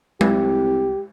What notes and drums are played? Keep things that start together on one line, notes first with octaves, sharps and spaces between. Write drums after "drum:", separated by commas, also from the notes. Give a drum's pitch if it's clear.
C2 G4, drum: tom G#3